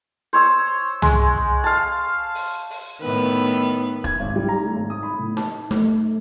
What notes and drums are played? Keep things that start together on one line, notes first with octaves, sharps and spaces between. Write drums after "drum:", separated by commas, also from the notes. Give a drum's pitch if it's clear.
C5 C#5 E6
G#3, drum: tom
F5 A5
drum: open hi-hat
drum: open hi-hat
A2 D#3 B3 B4
G#6, drum: kick E1
G#1
G3
A#5
A3
G#1
D#6
B5
A2
A5, drum: snare D#4
A3, drum: snare D#4